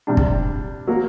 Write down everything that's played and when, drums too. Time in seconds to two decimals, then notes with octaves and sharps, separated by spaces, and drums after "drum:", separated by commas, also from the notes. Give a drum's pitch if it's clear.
0.07 C3 G3 D4
0.17 drum: kick
0.87 F#3 A#3 F#4 A#4